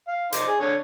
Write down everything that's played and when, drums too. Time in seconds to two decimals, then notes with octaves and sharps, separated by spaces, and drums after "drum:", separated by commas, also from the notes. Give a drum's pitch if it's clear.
0.08 F5
0.32 D#4 C5 D5, drum: hi-hat
0.47 G#4
0.60 D3 D4 C#5